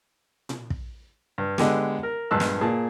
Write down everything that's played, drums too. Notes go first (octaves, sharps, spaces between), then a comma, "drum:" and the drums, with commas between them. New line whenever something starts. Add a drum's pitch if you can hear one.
drum: tom A#2
drum: kick
G2
D3 G#3 B3 G4, drum: snare
A#4
A#1 G2 G#3 A5 E6 F#6
drum: snare
A#2 G#4 A5